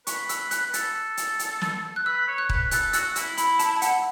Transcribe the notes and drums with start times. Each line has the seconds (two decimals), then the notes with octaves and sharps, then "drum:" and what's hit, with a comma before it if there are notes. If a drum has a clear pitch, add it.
0.07 B4 C#6, drum: hi-hat
0.29 E6, drum: hi-hat
0.51 F#6, drum: hi-hat
0.66 B4
0.74 A4, drum: hi-hat
1.17 drum: hi-hat
1.39 drum: hi-hat
1.61 drum: snare
1.96 F#6
2.05 B4 E6
2.27 C#5
2.38 F#6
2.49 B4, drum: kick D#1
2.71 A4 F#6, drum: hi-hat
2.93 F#4 E6, drum: hi-hat
3.16 E4 E6, drum: hi-hat
3.37 B5, drum: hi-hat
3.59 A5, drum: hi-hat
3.76 A5
3.82 F#5, drum: hi-hat